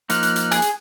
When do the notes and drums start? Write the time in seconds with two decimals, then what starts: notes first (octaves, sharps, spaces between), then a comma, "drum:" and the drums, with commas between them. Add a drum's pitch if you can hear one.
0.10 F3 A#3 D#4 F6 F#6, drum: hi-hat
0.23 drum: hi-hat
0.36 drum: hi-hat
0.51 G#4, drum: hi-hat
0.62 drum: hi-hat